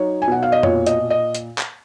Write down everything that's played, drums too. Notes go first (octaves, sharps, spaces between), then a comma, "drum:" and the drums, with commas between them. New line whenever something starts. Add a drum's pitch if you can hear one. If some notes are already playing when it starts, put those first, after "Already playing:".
Already playing: F#3 D#4 C#5
G#5
B2 F#5
F5
D#5
A#2 C#5, drum: tom F2
D#5, drum: hi-hat
A#2
D#5
drum: hi-hat
drum: clap